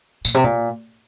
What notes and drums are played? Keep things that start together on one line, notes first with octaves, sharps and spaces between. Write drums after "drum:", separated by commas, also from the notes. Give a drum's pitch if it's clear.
A#2, drum: tambourine
C3
A#2